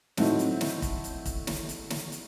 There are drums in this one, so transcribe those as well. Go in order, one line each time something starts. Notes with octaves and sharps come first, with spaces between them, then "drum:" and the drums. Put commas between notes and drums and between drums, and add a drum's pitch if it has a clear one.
A2 F#3 A3 C4 D#4, drum: snare
drum: hi-hat
drum: snare
drum: kick, hi-hat
drum: hi-hat
drum: kick, hi-hat
drum: snare
drum: hi-hat
drum: snare
drum: hi-hat